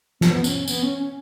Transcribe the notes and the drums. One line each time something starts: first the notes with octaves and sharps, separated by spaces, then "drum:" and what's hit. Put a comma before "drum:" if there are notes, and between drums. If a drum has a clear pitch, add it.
B3, drum: snare
C#4, drum: tambourine
B3, drum: tambourine
C#4
C#4